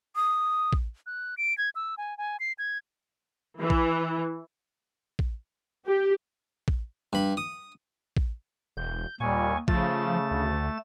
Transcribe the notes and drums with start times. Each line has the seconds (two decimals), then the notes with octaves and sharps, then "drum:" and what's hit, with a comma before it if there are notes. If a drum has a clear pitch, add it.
0.16 D#6
0.73 drum: kick
1.06 F#6
1.38 D7
1.58 G#6
1.75 E6
1.98 G#5
2.18 G#5
2.40 C7
2.59 G#6
3.60 E3
3.70 drum: kick
5.19 drum: kick
5.86 G4
6.68 drum: kick
7.13 G2 B5
7.37 D#6
8.17 drum: kick
8.77 E1 G6
9.20 D#2 A#2 G3 G#5 C#6
9.68 C#3 F3 A3 A5 A6, drum: kick
10.31 D2